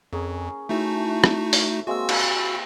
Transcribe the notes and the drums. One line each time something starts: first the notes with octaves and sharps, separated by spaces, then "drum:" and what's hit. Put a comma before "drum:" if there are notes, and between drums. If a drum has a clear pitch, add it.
F2 C#4 G#4 A#4
A3 C#4 D#4 E4 F#4 A4
drum: rim click
drum: open hi-hat
G#3 A#3 C4 F#4 E6
G4, drum: cymbal